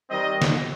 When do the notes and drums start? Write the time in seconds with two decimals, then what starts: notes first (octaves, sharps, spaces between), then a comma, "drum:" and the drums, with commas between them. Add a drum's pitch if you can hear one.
0.10 D#3 G3 C4 D#5
0.42 drum: snare